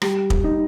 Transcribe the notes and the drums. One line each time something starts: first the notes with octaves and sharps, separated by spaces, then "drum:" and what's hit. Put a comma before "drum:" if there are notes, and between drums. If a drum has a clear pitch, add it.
G3, drum: rim click
drum: kick
D#4